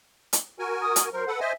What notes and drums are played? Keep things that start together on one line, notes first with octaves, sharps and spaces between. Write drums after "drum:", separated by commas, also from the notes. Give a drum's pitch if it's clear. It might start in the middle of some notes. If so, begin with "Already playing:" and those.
drum: hi-hat
F#4 A#4 G#5
D#6
drum: hi-hat
F#3 A#4 C5
A4 B4 F#5
C5 D#5 E5 G#5